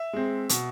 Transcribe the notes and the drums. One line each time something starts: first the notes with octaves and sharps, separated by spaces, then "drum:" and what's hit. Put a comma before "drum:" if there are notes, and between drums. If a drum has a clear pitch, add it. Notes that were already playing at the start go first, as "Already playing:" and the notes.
Already playing: E5
G#3 C4
B2, drum: hi-hat